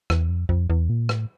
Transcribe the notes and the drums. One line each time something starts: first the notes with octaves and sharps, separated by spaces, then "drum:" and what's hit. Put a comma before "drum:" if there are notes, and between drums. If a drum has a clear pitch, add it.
E2, drum: rim click
F2
F2, drum: kick
E2
A#2
A2, drum: rim click